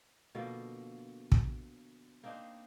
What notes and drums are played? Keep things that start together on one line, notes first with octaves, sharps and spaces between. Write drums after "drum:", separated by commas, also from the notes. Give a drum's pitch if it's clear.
B2 D3 F3 A#3
drum: kick
A#3 C4 D4 D#4